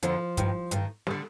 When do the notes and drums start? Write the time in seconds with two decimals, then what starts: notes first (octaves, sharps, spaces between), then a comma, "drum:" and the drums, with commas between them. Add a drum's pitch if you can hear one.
0.03 F2 D3 F3, drum: hi-hat
0.37 G2 D#3, drum: kick, hi-hat
0.71 G2 D#3, drum: hi-hat
1.07 D3 G3, drum: snare